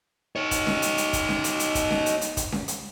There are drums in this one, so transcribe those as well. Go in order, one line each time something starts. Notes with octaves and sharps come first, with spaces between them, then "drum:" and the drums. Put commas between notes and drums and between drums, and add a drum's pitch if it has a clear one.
D#4 C#5
drum: kick, hi-hat
drum: snare C#4
drum: hi-hat
drum: hi-hat
drum: kick, hi-hat
drum: snare C#4
drum: hi-hat
drum: hi-hat
drum: kick, hi-hat
drum: snare C#4
drum: hi-hat
drum: hi-hat
drum: kick, hi-hat
drum: snare C#4
drum: hi-hat